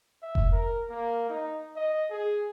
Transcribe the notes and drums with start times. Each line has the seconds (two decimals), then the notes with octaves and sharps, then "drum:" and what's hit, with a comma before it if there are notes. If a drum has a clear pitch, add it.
0.22 E5
0.35 drum: kick F1
0.53 A#4
0.90 A#3
1.30 D#4
1.76 D#5
2.11 G#4